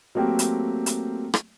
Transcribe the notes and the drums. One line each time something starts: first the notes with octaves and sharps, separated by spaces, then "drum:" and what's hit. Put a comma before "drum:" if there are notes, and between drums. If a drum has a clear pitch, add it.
F#3 A3 A#3 C4 G4
drum: hi-hat
drum: hi-hat
drum: rim click